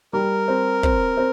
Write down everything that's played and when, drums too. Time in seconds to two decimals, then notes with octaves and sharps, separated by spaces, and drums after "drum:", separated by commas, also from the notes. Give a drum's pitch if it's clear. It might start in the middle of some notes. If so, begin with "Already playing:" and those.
0.13 G3 A#4
0.48 C4
0.83 C4, drum: kick
1.17 C4